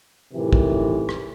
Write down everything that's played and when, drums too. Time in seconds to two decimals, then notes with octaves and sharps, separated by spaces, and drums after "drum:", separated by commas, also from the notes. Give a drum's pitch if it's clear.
0.34 F#2 A2 C3 D#3 E3
0.53 drum: kick
1.09 drum: rim click